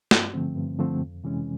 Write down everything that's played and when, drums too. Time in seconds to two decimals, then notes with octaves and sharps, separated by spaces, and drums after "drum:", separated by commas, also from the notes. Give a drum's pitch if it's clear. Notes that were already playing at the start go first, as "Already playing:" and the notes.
0.11 G2, drum: snare
0.34 D3 F3 A3 C4
0.56 G2
0.78 D3 F3 A3 C4
1.01 F2
1.24 C3 E3 G#3 C#4